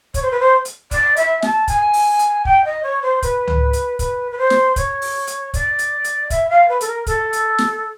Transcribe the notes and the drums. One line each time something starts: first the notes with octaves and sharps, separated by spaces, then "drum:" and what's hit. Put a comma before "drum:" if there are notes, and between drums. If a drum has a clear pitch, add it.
C#5, drum: kick, hi-hat
C5
B4
C5
drum: hi-hat
D5, drum: kick, hi-hat
E5, drum: hi-hat
A5, drum: snare
G#5, drum: kick, hi-hat
drum: open hi-hat
drum: hi-hat
G5, drum: kick
D#5
C#5
C5
B4, drum: kick, hi-hat
drum: tom C#2
drum: hi-hat
B4, drum: kick, hi-hat
B4
C5
drum: snare
C#5, drum: kick, hi-hat
drum: open hi-hat
drum: hi-hat
D5, drum: kick, hi-hat
drum: hi-hat
drum: hi-hat
E5, drum: kick, hi-hat
F5
B4
A4, drum: hi-hat
A#4
A4, drum: kick, hi-hat
drum: hi-hat
drum: snare